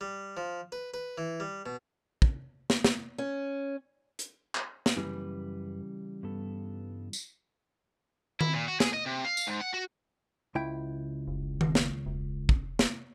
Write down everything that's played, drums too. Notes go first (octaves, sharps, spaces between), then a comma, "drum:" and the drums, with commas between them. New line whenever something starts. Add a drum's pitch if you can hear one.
G3
F3
B4
B4
E3
G3
B2
drum: kick
drum: snare
drum: snare
C#4
drum: hi-hat
drum: clap
drum: snare
F#2 C#3 E3 G3 B4
G2 B3 A4
drum: tambourine
E4, drum: tom D#3
A#2
F#4
G#4, drum: snare
D#5
C3
F5
drum: tambourine
G#2
F#5
F#4
C#2 E4 G5
F1
drum: tom D#3
drum: snare
E1
drum: kick
drum: snare